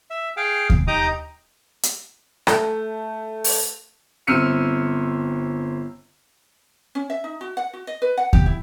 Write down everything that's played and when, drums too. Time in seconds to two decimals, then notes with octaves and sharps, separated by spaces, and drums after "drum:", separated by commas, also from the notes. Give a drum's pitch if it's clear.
0.10 E5
0.37 G#4 F5 G5
0.70 drum: kick D#2
0.87 D#4 G4 D#5 A#5 D6 D#6
1.83 drum: hi-hat
2.47 A3, drum: rim click
3.44 drum: open hi-hat
4.27 G1 C4 E6 F6 C#7 D#7
6.95 C#4
7.10 E5
7.24 D#4
7.41 F#4
7.57 F#5
7.73 F#4
7.87 D#5
8.02 B4
8.18 F#5
8.33 G4, drum: kick D#2
8.46 E4